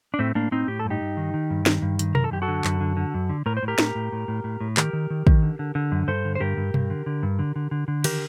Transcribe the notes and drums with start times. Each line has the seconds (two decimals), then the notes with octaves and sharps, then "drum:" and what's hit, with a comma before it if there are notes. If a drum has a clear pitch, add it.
0.14 D4
0.19 A2 A3 C4
0.35 A2 A#3 D4
0.51 A2 C4 D#4
0.68 A2 G4
0.80 A4
0.85 G2
0.90 D#4 G4
1.01 G2
1.17 D#3
1.34 D#3
1.50 G2
1.66 D#3, drum: snare
1.82 G2
1.99 D#3, drum: hi-hat
2.15 F#2 A#4, drum: tom B2
2.24 A4
2.31 F#2 G4
2.42 F#4 A4
2.48 D3
2.64 F#2, drum: clap
2.81 D3
2.97 D3
3.14 F#2
3.29 D3
3.46 A2 A#4
3.57 C5
3.63 A2
3.68 G4 A#4
3.79 A2, drum: snare
3.95 A2
4.12 A2
4.28 A2
4.44 A2
4.61 A2
4.77 D#3 G4 A#4, drum: clap
4.93 D#3
5.10 D#3
5.27 D#3, drum: kick
5.42 D3
5.59 D3
5.75 D3
5.92 F#2
6.08 G2 A4 C5
6.25 D3
6.35 C5
6.40 G2 G4 A#4
6.57 G2
6.74 G2, drum: tom B2
6.90 D3
7.06 D3
7.23 G2
7.39 D3
7.56 D3
7.71 D3
7.88 D3
8.04 D#3 G4 A#4, drum: cymbal